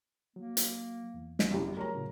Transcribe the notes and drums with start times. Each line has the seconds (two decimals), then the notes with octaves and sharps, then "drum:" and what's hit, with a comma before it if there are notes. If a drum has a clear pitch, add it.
0.36 F#3 A#3
0.57 drum: hi-hat
1.14 E2
1.39 drum: snare
1.50 G1 C2 F#2
1.77 F#3 A3 G#4 A#4 C#5 A#5
1.95 A2 C#3 F#3